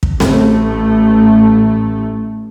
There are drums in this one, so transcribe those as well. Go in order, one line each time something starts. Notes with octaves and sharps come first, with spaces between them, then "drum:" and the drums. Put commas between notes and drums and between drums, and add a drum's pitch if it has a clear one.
drum: kick
A1 A3, drum: snare C4